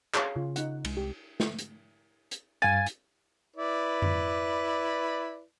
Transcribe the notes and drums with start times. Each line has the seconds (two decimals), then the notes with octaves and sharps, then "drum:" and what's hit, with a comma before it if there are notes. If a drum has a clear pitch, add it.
0.14 G#4 C#5 F5, drum: clap
0.36 C#3 F4
0.56 D#4 F#5, drum: hi-hat
0.85 C2 G#3, drum: cymbal
0.97 G4
1.40 drum: snare
1.59 drum: hi-hat
2.31 drum: hi-hat
2.62 G2 F5 G#5 A6
2.86 drum: hi-hat
3.56 E4 B4 D5
4.02 drum: tom F2